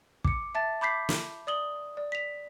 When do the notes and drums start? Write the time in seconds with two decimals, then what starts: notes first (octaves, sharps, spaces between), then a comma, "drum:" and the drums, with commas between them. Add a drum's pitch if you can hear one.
0.24 D6 C#7, drum: kick
0.55 E5 A5 A6
0.81 B5 D6 G6 B6 C7
1.09 drum: snare
1.47 D5 D#6 F#7 G7
1.97 D5
2.12 B6 F7